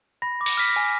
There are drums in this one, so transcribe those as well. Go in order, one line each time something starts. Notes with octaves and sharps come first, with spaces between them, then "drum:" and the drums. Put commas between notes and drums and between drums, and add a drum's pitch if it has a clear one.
B5 A#6
D6
A#6, drum: cymbal
F6 B6
A#6
G#5